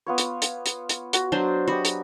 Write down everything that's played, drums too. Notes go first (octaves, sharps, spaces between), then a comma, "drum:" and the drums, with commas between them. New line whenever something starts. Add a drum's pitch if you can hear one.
B3 F4 C#5
drum: hi-hat
drum: hi-hat
drum: hi-hat
drum: hi-hat
F#4, drum: hi-hat
F#3 D4 C5
F#4 G4 D#5 B5
drum: hi-hat